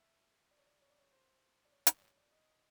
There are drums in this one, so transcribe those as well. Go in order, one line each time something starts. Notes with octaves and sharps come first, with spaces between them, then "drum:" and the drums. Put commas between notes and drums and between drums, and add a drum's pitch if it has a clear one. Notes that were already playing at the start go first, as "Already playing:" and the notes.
Already playing: E5
D5
C#5
D5
C#5
D5
C#5
C5
D5
C#5
D5, drum: hi-hat
C#5
D5
D#5